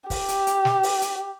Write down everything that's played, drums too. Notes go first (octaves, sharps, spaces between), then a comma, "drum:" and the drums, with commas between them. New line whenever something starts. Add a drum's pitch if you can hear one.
G4, drum: kick, open hi-hat
drum: hi-hat
drum: hi-hat
drum: snare
drum: open hi-hat
drum: hi-hat